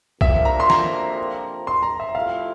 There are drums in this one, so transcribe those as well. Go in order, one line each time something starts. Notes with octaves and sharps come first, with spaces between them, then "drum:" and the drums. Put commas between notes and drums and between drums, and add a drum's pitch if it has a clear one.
F2 C3 F3 A#3 D4 E5, drum: kick
A#5
C6
A#5, drum: snare
C6
A#5
E5
C3 F3 A3 E4 F5